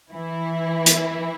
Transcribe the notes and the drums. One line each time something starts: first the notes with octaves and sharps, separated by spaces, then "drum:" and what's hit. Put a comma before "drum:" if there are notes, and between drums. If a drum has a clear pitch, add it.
E3 E4
drum: hi-hat